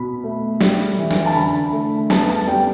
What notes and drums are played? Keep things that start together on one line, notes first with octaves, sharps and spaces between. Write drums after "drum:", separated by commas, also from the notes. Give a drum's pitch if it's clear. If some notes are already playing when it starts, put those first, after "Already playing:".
Already playing: B2 B5
A3
G3, drum: snare
E3
drum: snare
A5
D3 B5
A3
B3 A5, drum: snare
A5
G3 G5